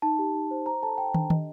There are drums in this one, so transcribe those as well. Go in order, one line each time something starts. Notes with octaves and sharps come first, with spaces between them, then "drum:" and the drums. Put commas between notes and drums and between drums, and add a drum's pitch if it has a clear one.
D#4 A5
G4
D#4
C5
C5 A#5
A4 A5
A4 G5
D4, drum: tom
G4 D#5, drum: tom